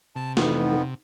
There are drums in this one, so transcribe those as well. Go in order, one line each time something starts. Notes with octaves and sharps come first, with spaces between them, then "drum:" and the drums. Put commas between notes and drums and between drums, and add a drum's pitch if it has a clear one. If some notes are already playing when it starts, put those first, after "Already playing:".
C3 A5
F2 E3 A3 B3 D#4 F#5, drum: snare